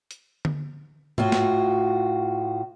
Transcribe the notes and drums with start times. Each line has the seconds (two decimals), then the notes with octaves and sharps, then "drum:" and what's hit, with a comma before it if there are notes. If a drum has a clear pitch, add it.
0.11 drum: hi-hat
0.45 drum: tom D3
1.18 A2 F4 F#4, drum: tom G#2
1.32 drum: snare